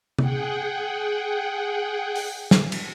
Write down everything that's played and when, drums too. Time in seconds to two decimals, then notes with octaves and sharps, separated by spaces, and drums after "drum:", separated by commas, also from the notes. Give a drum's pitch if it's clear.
0.19 G#4 F#5 G5, drum: tom C3
2.15 drum: open hi-hat
2.51 drum: snare
2.72 drum: cymbal